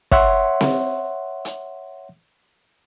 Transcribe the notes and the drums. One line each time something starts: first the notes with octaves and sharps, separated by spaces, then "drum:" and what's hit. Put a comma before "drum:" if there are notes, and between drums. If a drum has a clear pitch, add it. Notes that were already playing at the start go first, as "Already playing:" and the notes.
C#5 E5 F#5 C6, drum: kick
drum: snare C4
drum: hi-hat